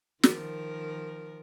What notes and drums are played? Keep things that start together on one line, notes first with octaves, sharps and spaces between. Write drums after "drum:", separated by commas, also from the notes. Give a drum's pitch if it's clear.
D#3 F3 A#4, drum: snare